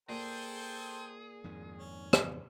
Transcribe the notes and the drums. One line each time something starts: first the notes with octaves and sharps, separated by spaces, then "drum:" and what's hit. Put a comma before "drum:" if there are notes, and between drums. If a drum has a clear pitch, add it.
A#2 G#4 A4 C5 G5
F2 G#2 D#3
C#4
drum: rim click